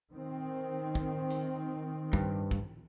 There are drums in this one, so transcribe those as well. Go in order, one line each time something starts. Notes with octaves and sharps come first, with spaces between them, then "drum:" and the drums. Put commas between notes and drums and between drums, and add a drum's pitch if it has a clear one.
D#3 C4
drum: kick
drum: hi-hat
G2, drum: kick
drum: kick